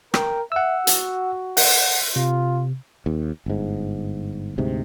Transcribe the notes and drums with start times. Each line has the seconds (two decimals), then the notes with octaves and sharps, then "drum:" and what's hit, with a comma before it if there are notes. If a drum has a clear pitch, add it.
0.14 A#4 G5, drum: rim click
0.52 E5 F#5 E6
0.87 F#4, drum: hi-hat
1.57 F#5, drum: open hi-hat
2.16 C3 F4
3.06 D#2
3.46 G1 G#2
4.58 D2 G#2 C3